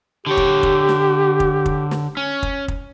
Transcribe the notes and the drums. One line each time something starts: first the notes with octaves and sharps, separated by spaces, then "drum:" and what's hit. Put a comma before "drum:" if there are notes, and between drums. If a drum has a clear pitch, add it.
D3 G4 C#5
drum: kick
drum: kick
drum: snare
drum: kick
drum: kick
drum: snare
C#4
drum: kick
drum: kick